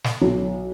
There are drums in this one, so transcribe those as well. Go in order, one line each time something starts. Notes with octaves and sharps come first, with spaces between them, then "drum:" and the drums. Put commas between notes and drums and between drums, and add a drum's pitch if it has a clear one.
drum: snare
B1